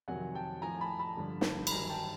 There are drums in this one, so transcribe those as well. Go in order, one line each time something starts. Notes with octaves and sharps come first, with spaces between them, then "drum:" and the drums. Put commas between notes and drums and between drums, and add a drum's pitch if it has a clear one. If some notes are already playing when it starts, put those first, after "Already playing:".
F2 C3 D#3 F#3 F#5 G#5
G5 A5
A2 F3 G#5 A#5
A5 B5
A5 B5
G2 D3 F3
drum: snare
B5, drum: cymbal
G2 D#3 F#3 G#5 A#5
G5 A5